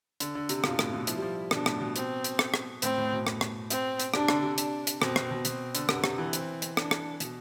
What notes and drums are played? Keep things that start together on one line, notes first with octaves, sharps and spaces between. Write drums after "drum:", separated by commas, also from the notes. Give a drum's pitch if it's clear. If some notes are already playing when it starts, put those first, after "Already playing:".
D3, drum: hi-hat
D3
C3, drum: hi-hat
B2 F4, drum: rim click
A2, drum: rim click
B2
F3 E4, drum: hi-hat
G3
F3
B2 D4, drum: rim click
A2, drum: rim click
B2
C4, drum: hi-hat
drum: hi-hat
drum: rim click
drum: rim click
A2 C4, drum: hi-hat
A2
B2
drum: rim click
drum: rim click
C4, drum: hi-hat
drum: hi-hat
C3 D4, drum: rim click
D3, drum: rim click
C3
D4, drum: hi-hat
drum: hi-hat
B2 C4, drum: rim click
B2, drum: rim click
B2
B2 C4, drum: hi-hat
D3, drum: hi-hat
C3 B3, drum: rim click
C3, drum: rim click
E3
C4, drum: hi-hat
drum: hi-hat
D4, drum: rim click
drum: rim click
B2, drum: hi-hat